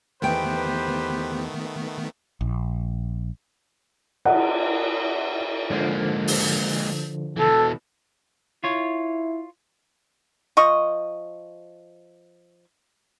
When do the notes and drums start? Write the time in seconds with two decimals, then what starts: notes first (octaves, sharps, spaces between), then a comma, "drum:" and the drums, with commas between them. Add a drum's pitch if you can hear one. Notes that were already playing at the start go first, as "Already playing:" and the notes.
0.22 E2 D#3 A3 B3 G4 B4 C5 G5
2.41 A#1
4.25 F#5, drum: cymbal
5.70 G#2 D3 F3 A#3
6.28 drum: open hi-hat
7.37 B2 E3 A4
8.64 E4 F4 C#5
10.57 F3 D#5 C#6